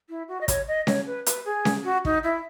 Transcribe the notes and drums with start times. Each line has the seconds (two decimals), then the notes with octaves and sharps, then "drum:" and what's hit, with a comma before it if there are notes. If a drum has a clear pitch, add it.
0.09 E4
0.28 F#4
0.41 D#5
0.48 C#5, drum: kick, hi-hat
0.68 D#5
0.87 C#5, drum: snare C#4
1.07 B4
1.26 B4, drum: hi-hat
1.45 G#4
1.65 drum: snare C#4
1.84 F#4
2.05 D#4, drum: kick
2.24 E4